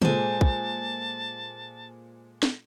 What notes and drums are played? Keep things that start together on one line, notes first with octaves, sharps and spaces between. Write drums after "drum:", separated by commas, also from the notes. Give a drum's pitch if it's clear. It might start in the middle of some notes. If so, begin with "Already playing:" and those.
A#2 G#3 A4 C5 G#5 A5, drum: tom
drum: kick
drum: snare